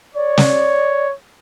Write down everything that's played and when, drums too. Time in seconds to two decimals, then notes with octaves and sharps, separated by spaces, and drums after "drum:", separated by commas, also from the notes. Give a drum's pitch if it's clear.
0.15 C#5 D5
0.38 drum: snare